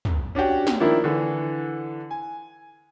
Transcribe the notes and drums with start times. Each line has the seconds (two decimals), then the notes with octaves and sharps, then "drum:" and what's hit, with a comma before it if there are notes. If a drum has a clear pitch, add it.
0.05 drum: tom
0.35 C#4 D4 F#4 G4
0.67 drum: snare
0.80 D#3 F3 A#3 D4 E4
1.04 D3 E3
2.11 G#5